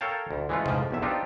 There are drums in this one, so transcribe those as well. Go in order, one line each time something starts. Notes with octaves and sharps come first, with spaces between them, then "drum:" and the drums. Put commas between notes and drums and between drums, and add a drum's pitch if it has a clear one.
A4 A#4 C#5 F5 G5 A5
D2
E3 G#3 A3 C#4 F4
F2 G#2 F3, drum: tom C3
B1 E2 E5
C4 D4 D#4 F4 G4